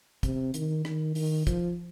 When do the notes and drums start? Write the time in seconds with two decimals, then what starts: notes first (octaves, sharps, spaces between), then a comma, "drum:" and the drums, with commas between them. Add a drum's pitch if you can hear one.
0.23 C3, drum: kick, hi-hat
0.54 D#3, drum: hi-hat
0.85 D#3, drum: rim click
1.15 D#3, drum: open hi-hat
1.47 F3, drum: kick, hi-hat